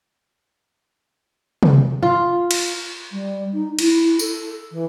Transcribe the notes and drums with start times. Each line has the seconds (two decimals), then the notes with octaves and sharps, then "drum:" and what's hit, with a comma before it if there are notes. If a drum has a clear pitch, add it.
1.63 drum: tom C3
2.03 F4
2.51 drum: cymbal
3.11 G3
3.53 D#4
3.79 E4, drum: cymbal
4.19 A4, drum: tambourine
4.71 E3